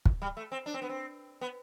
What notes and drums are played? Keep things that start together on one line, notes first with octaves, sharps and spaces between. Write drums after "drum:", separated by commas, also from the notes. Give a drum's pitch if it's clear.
drum: kick
G3
A3
C4
D4
C4
B3
C4
B3